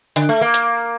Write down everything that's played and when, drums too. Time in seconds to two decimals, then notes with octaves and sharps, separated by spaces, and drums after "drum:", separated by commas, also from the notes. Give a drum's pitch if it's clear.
0.16 D3, drum: hi-hat
0.29 A3
0.41 A#3
0.54 drum: hi-hat